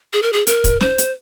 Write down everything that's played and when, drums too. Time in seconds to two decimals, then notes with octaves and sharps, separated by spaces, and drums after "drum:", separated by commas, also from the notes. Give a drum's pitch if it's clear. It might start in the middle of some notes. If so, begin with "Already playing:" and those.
0.13 G#4
0.22 A#4
0.33 G#4
0.47 A#4, drum: hi-hat
0.64 drum: kick, hi-hat
0.81 C5, drum: snare
0.98 drum: hi-hat